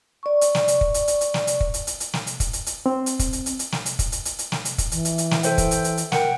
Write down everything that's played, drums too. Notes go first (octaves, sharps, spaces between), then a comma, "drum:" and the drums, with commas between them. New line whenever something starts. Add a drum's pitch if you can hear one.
D5 C#6
drum: hi-hat
drum: snare
drum: hi-hat
drum: kick
drum: hi-hat
drum: hi-hat
drum: hi-hat
drum: snare
drum: hi-hat
drum: kick
drum: hi-hat
drum: hi-hat
drum: hi-hat
drum: snare
drum: hi-hat
drum: kick, hi-hat
drum: hi-hat
drum: hi-hat
C4
drum: hi-hat
drum: kick, hi-hat
drum: hi-hat
drum: hi-hat
drum: hi-hat
drum: snare
drum: hi-hat
drum: kick, hi-hat
drum: hi-hat
drum: hi-hat
drum: hi-hat
drum: snare
drum: hi-hat
drum: kick, hi-hat
E3, drum: hi-hat
drum: hi-hat
drum: hi-hat
drum: snare
A4 C5 G5, drum: hi-hat
drum: kick, hi-hat
drum: hi-hat
drum: hi-hat
drum: hi-hat
A#4 F#5 G5, drum: snare